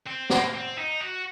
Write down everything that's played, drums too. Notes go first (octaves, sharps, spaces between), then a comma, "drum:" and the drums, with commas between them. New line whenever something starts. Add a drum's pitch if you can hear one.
C4
A#3, drum: snare
C4
D#4
F#4